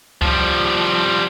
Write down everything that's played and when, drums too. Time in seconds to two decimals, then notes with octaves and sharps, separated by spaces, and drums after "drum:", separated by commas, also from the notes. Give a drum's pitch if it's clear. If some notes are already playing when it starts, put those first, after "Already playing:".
0.22 F3 G3, drum: kick C2